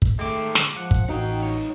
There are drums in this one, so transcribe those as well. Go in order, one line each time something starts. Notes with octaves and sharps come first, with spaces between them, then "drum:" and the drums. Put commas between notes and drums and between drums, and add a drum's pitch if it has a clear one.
drum: kick
D#3 G#3 A3 C4 D6
drum: snare
F3 F#5
drum: kick
A1 D#4 F#4 F5 G5
F4 C#5